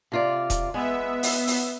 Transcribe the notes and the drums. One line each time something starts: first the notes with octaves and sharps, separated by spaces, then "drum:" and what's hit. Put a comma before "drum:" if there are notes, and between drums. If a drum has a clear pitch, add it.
C3 F4 D5
drum: kick D#1, hi-hat
G#3 B3 E5
drum: open hi-hat
drum: open hi-hat